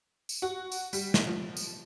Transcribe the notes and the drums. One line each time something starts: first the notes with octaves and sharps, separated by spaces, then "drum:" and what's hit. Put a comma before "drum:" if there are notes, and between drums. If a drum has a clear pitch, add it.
drum: tambourine
F#4
drum: tambourine
G3, drum: tambourine
drum: snare
F3
drum: tambourine